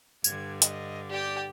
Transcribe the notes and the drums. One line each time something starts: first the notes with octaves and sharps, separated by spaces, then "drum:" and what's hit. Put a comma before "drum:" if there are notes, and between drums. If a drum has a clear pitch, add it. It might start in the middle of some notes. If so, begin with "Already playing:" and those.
G2 D3 G#6, drum: tambourine
D#5, drum: hi-hat
G4 D5 G5